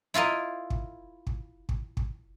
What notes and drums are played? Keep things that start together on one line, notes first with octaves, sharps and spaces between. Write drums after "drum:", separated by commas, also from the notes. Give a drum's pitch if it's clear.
E4 F4 A#4 D#5
drum: kick
drum: kick
drum: kick
drum: kick